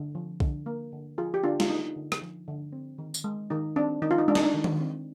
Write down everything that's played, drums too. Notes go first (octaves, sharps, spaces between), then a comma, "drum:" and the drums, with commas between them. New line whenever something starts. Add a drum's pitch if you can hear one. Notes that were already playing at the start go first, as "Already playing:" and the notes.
Already playing: D3
F3
D3, drum: kick B1
A#3
D3
F3 F4 G#4
G4
D3 D4 F4
F4, drum: snare
A#3 D#4
D3
drum: rim click
F3
D3
C4
D#3
drum: tambourine
G#3
D#3 D#4
C4 D4
D#3 D#4
F4
D#4
G#3 D4
D#4, drum: snare
D4
D#3
drum: tom D#3
C4